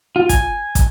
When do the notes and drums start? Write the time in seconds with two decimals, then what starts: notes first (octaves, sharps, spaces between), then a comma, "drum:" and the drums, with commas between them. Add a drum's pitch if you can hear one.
0.16 F4
0.29 G#5, drum: kick, hi-hat
0.75 drum: kick, hi-hat